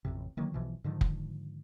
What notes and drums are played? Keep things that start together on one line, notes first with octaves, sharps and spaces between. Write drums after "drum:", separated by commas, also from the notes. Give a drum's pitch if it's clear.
A1 F2 C3
D3 D#3 F#3 A#3
B1 B2 E3 F3
G#2 D3 D#3 F3
drum: kick